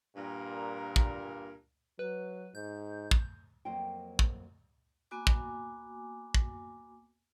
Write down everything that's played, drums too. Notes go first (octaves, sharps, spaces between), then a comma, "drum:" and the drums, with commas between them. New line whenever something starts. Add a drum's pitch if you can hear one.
G2 A#2 A#4
drum: kick
F#3 B4
G#2 G6
drum: kick
F2 F#3 A#3 A#4 C5 G5
drum: kick
A#3 B3 F#4 G#5 D6
drum: kick
drum: kick